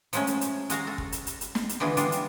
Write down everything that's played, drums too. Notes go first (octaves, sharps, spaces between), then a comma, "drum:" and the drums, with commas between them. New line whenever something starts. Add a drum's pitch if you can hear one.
F3 F#3 G#3 A3 C#4, drum: hi-hat
drum: hi-hat
drum: hi-hat
G#3 F#4 F5 A#5, drum: hi-hat
A4
drum: kick
drum: hi-hat
drum: hi-hat
drum: hi-hat
drum: snare
drum: hi-hat
D3 E3 B3 F4 G#4
G3 G#3 D4 F4, drum: hi-hat
drum: hi-hat